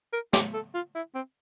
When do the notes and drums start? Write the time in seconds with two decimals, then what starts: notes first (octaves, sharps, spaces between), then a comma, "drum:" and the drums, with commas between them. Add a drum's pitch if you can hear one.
0.13 A#4
0.33 G4, drum: snare
0.53 A4
0.74 F4
0.95 E4
1.15 C4